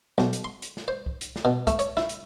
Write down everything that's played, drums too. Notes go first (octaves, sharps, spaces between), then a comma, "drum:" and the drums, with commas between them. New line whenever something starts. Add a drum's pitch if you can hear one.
B1, drum: snare
drum: hi-hat
C6
drum: hi-hat
drum: snare
C5
drum: kick C2
drum: hi-hat
drum: snare
B2
A3, drum: kick C2, hi-hat
C#5, drum: hi-hat
E4, drum: snare
drum: hi-hat